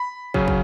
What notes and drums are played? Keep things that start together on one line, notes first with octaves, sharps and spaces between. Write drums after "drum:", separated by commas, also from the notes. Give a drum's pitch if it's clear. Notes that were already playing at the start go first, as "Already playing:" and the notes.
Already playing: B5
C#3 F#3 C#4, drum: kick
drum: kick